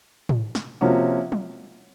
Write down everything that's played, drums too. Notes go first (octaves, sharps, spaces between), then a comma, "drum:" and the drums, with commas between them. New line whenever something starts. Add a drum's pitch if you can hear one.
drum: tom
drum: snare
C3 F3 A#3 C#4 F#4
drum: tom